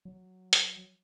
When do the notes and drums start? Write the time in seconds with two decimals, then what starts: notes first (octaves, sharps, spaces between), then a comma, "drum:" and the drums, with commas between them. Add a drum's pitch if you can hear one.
0.05 F#3
0.53 drum: hi-hat